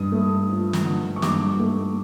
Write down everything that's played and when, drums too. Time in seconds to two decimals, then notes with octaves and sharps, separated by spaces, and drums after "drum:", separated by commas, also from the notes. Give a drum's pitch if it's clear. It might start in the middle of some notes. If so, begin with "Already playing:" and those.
Already playing: G2 D#6
0.12 A3
0.49 F3
0.73 drum: snare
0.85 D3
1.16 C#6
1.22 G2 D6, drum: snare
1.59 A3